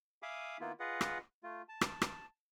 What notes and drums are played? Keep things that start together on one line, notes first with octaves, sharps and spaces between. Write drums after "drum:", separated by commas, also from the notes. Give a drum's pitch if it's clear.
E5 F5 G#5 B5 D6 D#6
D#3 A#3 B3 E4 F4
F4 G#4 B4 D#5 F#5
drum: rim click
A3 F4
A5
drum: rim click
drum: rim click